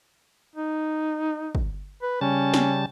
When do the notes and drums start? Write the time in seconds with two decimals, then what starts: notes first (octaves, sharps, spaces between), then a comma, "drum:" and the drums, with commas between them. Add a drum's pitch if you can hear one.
0.56 D#4
1.55 drum: kick
2.02 B4
2.21 C#3 G3 C#4 A5
2.54 drum: snare